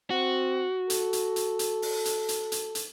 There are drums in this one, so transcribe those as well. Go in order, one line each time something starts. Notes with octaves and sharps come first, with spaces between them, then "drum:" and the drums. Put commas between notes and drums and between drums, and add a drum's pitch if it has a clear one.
C4 F#4
A4, drum: hi-hat
drum: hi-hat
drum: hi-hat
drum: hi-hat
drum: open hi-hat
drum: hi-hat
drum: hi-hat
drum: hi-hat
drum: hi-hat